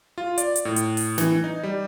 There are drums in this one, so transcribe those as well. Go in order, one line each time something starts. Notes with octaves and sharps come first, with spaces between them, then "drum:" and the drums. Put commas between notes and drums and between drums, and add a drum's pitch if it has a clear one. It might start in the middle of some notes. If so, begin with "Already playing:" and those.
F4
D5, drum: hi-hat
drum: hi-hat
A2
drum: hi-hat
drum: open hi-hat
E3, drum: snare
D#4
G3